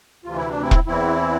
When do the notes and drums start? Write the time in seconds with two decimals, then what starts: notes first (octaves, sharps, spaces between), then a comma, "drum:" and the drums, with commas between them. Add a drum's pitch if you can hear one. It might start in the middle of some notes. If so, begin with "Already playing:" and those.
0.24 D2 C3 E3 F4
0.37 E4
0.49 D4
0.62 C4 E4
0.71 drum: kick E1
0.87 E2 E3 C4 E4